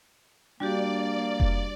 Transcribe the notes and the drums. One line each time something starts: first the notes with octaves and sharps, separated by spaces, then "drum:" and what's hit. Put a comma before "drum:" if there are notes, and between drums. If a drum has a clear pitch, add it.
G3 A#3 D4 F#4 G4 D5
drum: kick F1